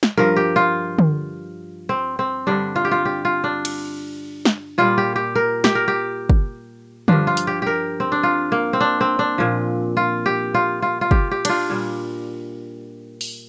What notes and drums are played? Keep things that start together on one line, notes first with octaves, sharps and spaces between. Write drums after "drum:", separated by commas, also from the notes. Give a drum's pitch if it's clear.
drum: snare
G2 F3 A#4
G4
F4
drum: tom D3
C4
C4
G2 D3 G3 D4
F4
G4
F4
G4
F4
D4
drum: cymbal
drum: snare
A#2 G3 F4
G4
G4
A#4
G4, drum: snare
A#4
G4
drum: kick
G2 F3 D4, drum: tom D3
F4
drum: hi-hat
G4
G4 A#4
C4
D4
F4
A#3
C4
D4
C4
D4
A#2 F3
F4
G4
F4
F4
F4
G4, drum: kick
G4
D4 F4, drum: cymbal
A#2 G3
drum: open hi-hat